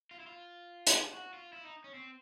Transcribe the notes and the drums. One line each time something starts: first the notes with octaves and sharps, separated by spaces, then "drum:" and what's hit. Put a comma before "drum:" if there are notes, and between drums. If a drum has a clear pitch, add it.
F4
E4
F4
drum: hi-hat
F#4
F4
E4
D#4
C#4
C4